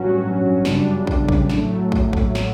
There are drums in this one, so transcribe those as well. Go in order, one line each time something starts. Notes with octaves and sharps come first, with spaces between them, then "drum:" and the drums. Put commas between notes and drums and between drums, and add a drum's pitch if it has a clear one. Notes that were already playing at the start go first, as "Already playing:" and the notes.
Already playing: A1 G2 F#3 C#4 F#4
G1 F#2 C#3 G3 D4, drum: snare
drum: kick
drum: kick
A2 F#3 A3, drum: snare
drum: kick
drum: kick
A2 F#3, drum: snare